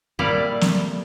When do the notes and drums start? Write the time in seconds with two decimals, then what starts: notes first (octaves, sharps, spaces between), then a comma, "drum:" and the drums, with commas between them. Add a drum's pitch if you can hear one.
0.19 A#2 G3 E4 A4 D5 F5
0.61 drum: snare